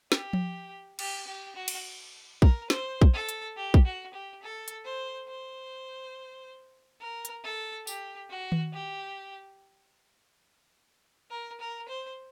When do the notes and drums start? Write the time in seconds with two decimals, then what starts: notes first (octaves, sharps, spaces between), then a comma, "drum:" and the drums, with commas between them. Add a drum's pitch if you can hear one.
0.12 G4, drum: snare
0.33 drum: tom F3
0.99 G4, drum: cymbal
1.27 G4
1.56 F#4
1.68 drum: cymbal
2.42 A#4, drum: kick
2.70 C5, drum: snare
3.01 drum: kick
3.14 A4
3.29 drum: hi-hat
3.56 G4
3.74 drum: kick
3.85 F#4
4.14 G4
4.43 A4
4.68 drum: hi-hat
4.85 C5
5.28 C5
7.01 A#4
7.25 drum: hi-hat
7.44 A4
7.87 G4, drum: tambourine
8.30 F#4
8.52 drum: tom D#3
8.73 G4
11.31 A#4
11.60 A#4
11.88 C5